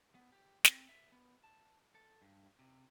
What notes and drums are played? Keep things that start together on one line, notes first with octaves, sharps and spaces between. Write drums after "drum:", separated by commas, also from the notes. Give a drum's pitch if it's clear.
B3
G4
C4, drum: snare
E5
B3
A5
A4
G2
C3